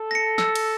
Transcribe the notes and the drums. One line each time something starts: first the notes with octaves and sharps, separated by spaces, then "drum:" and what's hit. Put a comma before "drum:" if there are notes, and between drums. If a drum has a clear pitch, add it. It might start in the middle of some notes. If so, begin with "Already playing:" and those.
Already playing: A4
A#6 C#7
E6, drum: snare
drum: cymbal